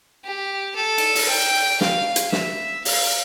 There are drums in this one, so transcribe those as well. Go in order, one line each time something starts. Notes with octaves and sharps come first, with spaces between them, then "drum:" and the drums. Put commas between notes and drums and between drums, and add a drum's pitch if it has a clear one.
G4
A4
drum: cymbal
drum: open hi-hat
G5
F5, drum: snare
drum: hi-hat
E5, drum: snare
F5, drum: open hi-hat